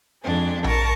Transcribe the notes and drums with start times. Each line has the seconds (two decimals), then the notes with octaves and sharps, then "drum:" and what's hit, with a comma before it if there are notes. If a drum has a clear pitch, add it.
0.23 F2 G#3 D4
0.64 A#4 A5 C#6, drum: tom A#1